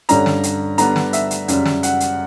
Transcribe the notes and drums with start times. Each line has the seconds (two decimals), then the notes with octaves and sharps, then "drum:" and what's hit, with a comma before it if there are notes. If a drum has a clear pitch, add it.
0.09 G2 D3 G3 C#4 A#5, drum: hi-hat
0.26 drum: snare
0.43 drum: hi-hat
0.78 D3 G3 B3 D4 A#5, drum: hi-hat
0.96 drum: snare
1.13 E5, drum: hi-hat
1.31 drum: hi-hat
1.48 F#2 C#3 G3, drum: hi-hat
1.66 drum: snare
1.83 F#5, drum: hi-hat
2.00 drum: hi-hat